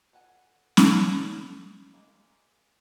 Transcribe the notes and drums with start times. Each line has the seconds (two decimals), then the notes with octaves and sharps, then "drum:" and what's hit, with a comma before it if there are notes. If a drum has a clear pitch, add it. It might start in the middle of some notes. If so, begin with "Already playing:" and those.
0.13 A4 B4 F#5 G#5
0.77 drum: snare C#4
1.09 A4
1.94 G#3 A#3